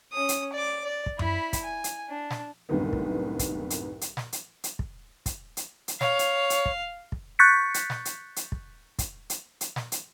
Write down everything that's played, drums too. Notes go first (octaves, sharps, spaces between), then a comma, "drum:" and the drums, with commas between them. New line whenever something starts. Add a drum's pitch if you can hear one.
C#4 D#6
drum: hi-hat
D5 D6
D5
drum: kick
E4 B5, drum: tom F#2
drum: kick, hi-hat
G#5
drum: hi-hat
D4
drum: snare
C2 F#2 A2 D3 D#3 B3
drum: kick
drum: kick, hi-hat
drum: hi-hat
drum: hi-hat
drum: snare
drum: hi-hat
drum: hi-hat
drum: kick
drum: kick, hi-hat
drum: hi-hat
drum: hi-hat
C#5 F5, drum: snare
drum: hi-hat
drum: hi-hat
drum: kick
drum: kick
C#6 F#6 G6 A6 B6 C#7
drum: hi-hat
drum: snare
drum: hi-hat
drum: hi-hat
drum: kick
drum: kick, hi-hat
drum: hi-hat
drum: hi-hat
drum: snare
drum: hi-hat